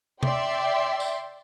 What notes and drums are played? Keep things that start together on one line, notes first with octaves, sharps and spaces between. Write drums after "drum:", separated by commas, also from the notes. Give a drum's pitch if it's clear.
D5 E5 G5 C6, drum: tom C3
drum: tambourine